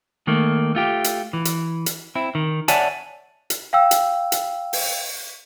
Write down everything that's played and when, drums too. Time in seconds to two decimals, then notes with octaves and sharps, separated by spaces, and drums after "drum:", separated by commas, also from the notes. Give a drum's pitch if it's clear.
0.27 D#3 A3 A#3
0.75 A3 F4 G4
1.04 drum: hi-hat
1.33 E3
1.45 drum: hi-hat
1.86 drum: hi-hat
2.15 C4 E4
2.35 D#3
2.68 C#5 D5 E5 F#5 G#5 A5, drum: hi-hat
3.50 drum: hi-hat
3.73 F5 G5 E6
3.91 drum: hi-hat
4.32 drum: hi-hat
4.73 drum: open hi-hat